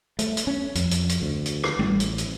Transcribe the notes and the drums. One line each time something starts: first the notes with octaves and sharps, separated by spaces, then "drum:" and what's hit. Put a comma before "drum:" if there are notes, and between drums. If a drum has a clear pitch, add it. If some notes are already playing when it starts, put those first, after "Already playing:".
A3, drum: hi-hat
drum: hi-hat
C#4
F2, drum: hi-hat
drum: hi-hat
drum: hi-hat
D2
drum: hi-hat
drum: rim click
A1, drum: tom G3
drum: hi-hat
drum: hi-hat